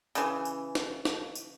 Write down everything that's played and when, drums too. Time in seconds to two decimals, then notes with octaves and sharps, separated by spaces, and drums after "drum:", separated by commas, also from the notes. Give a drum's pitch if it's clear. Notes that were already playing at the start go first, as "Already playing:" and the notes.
0.15 C#3 E3, drum: tambourine
0.45 drum: tambourine
0.75 drum: snare
1.05 drum: snare
1.35 drum: tambourine